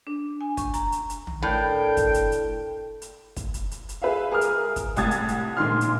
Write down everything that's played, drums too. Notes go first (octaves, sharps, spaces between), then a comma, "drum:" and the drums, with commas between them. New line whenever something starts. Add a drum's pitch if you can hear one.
D4
G#5
C#6, drum: kick, hi-hat
A#5, drum: hi-hat
drum: hi-hat
drum: hi-hat
drum: tom
A2 D4 A#4 G5
drum: kick, hi-hat
drum: hi-hat
drum: hi-hat
drum: hi-hat
drum: kick, hi-hat
drum: hi-hat
drum: hi-hat
drum: hi-hat
G#4 B4 E5 F5
G#4 A#4 D#6 F6
drum: hi-hat
drum: kick, hi-hat
C2 A2 A5 D#6 G#6 A6, drum: hi-hat
drum: hi-hat
drum: hi-hat
A#1 D#3 C6 F6
drum: hi-hat